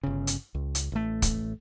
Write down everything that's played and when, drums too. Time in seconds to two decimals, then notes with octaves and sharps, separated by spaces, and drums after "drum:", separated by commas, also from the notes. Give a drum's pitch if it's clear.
0.03 G1 C#3
0.27 drum: hi-hat
0.55 C#2
0.75 drum: hi-hat
0.92 A1 A3
1.22 drum: kick, hi-hat